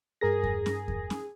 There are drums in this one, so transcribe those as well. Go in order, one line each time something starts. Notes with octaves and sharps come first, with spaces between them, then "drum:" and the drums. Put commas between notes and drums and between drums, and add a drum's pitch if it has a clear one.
G2 G#4 A#4 A#6
drum: kick E2
drum: snare C#4
drum: kick E2
drum: snare C#4